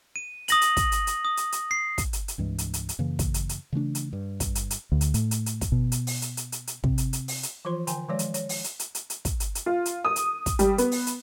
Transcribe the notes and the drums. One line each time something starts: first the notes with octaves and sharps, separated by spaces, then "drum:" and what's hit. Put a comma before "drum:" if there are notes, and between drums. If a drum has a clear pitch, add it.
D#7
D#6 A#6 F#7, drum: hi-hat
drum: hi-hat
drum: kick, hi-hat
drum: hi-hat
drum: hi-hat
D#6
drum: hi-hat
drum: hi-hat
C7
drum: kick, hi-hat
drum: hi-hat
drum: hi-hat
C2 G2 E3 G#3
drum: hi-hat
drum: hi-hat
drum: hi-hat
F#2 C#3 E3 A#3
drum: kick, hi-hat
drum: hi-hat
drum: hi-hat
C#3 E3 A3 D4
drum: hi-hat
G2
drum: kick, hi-hat
drum: hi-hat
drum: hi-hat
D2
drum: hi-hat
A2, drum: hi-hat
drum: hi-hat
drum: hi-hat
drum: kick, hi-hat
B2
drum: hi-hat
drum: open hi-hat
drum: hi-hat
drum: hi-hat
drum: hi-hat
drum: hi-hat
C3, drum: kick
drum: hi-hat
drum: hi-hat
drum: open hi-hat
drum: hi-hat
E3 F3 F4 C5 C6
D3 G5 G#5 A#5, drum: hi-hat
D#3 F3 G#3 C#5 D5
drum: hi-hat
C#5, drum: hi-hat
drum: open hi-hat
drum: hi-hat
drum: hi-hat
drum: hi-hat
drum: hi-hat
drum: kick, hi-hat
drum: hi-hat
drum: hi-hat
F4
drum: hi-hat
D#6
drum: hi-hat
drum: kick, hi-hat
G3, drum: hi-hat
B3, drum: hi-hat
drum: open hi-hat
drum: hi-hat